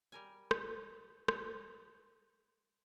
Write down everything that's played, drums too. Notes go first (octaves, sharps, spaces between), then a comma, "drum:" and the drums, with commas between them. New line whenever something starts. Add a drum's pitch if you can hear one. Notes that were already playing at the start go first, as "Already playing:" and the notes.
G3 A#4 G#5
drum: rim click
drum: rim click